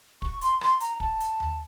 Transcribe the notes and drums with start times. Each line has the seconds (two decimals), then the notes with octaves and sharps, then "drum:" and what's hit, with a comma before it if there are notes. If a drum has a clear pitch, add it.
0.22 C#6, drum: kick
0.41 C6, drum: hi-hat
0.61 C6, drum: rim click
0.80 A#5, drum: hi-hat
1.00 A5, drum: kick
1.20 drum: hi-hat
1.40 drum: tom D#2